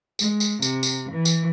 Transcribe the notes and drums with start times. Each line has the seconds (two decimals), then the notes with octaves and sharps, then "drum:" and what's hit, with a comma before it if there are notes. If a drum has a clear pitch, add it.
0.19 G#3, drum: tambourine
0.40 drum: tambourine
0.62 C3, drum: tambourine
0.83 drum: tambourine
1.11 E3
1.25 drum: tambourine